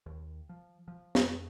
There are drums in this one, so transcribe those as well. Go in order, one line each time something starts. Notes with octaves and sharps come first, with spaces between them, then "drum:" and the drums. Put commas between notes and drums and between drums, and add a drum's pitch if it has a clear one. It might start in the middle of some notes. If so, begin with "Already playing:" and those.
D#2
F3
F3
F2, drum: snare